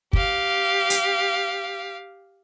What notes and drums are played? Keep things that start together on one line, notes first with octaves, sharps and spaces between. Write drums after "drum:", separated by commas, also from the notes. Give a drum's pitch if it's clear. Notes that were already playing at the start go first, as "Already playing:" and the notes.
G4 F5, drum: kick
drum: hi-hat